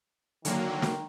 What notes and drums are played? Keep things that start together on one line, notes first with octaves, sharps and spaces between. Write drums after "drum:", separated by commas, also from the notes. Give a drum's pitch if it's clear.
D3 D#3 F#3 A#3, drum: hi-hat
drum: snare